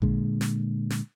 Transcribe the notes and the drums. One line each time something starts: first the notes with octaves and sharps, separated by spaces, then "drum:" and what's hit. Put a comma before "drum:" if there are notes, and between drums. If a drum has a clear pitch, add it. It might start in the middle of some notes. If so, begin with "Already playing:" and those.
A#2 D3 G#3, drum: kick A1
drum: snare
drum: snare